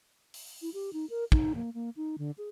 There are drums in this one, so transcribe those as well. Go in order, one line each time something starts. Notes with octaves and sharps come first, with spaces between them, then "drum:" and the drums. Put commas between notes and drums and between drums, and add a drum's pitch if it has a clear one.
drum: open hi-hat
E4
G4
D#4
A#4
D#4, drum: kick
A#3
A#3
D#4
D3
G#4